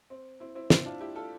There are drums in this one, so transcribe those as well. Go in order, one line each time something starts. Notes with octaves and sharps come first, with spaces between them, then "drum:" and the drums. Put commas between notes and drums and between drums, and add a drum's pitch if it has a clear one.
C4
C4 E4
C4 E4
C4 E4, drum: snare
D4 F4
E4 G4
F4 A4